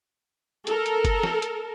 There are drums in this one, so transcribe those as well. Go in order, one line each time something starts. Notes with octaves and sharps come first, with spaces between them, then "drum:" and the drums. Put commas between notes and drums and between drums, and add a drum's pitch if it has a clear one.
A4 A#4, drum: hi-hat
drum: hi-hat
drum: kick F#1, hi-hat
drum: snare
drum: hi-hat